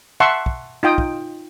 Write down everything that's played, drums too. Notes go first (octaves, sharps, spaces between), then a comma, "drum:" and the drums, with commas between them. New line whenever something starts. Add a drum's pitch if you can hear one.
E5 F#5 A5 C6 C#6
drum: kick
D#4 F4 G5 D#6
drum: kick